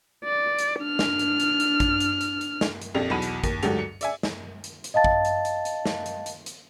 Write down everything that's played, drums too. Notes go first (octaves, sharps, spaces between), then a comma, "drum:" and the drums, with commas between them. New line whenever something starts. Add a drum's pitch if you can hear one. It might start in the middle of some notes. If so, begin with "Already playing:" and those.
D5
drum: hi-hat
D4 F6
drum: snare
drum: hi-hat
drum: hi-hat
drum: hi-hat
drum: kick, hi-hat
drum: hi-hat
drum: hi-hat
drum: hi-hat
drum: snare
drum: hi-hat
A#1 F2 G4 A4 F7
B1 E2 B2 B5 D#7
drum: hi-hat
D#2, drum: kick, hi-hat
D2 G#2 F#3 G4 A4 F7, drum: hi-hat
C#7
D5 E5 G#5, drum: hi-hat
drum: snare
drum: hi-hat
drum: hi-hat
D#5 F5 A5 A6
drum: kick
drum: hi-hat
drum: hi-hat
drum: hi-hat
drum: snare
drum: hi-hat
drum: hi-hat
drum: hi-hat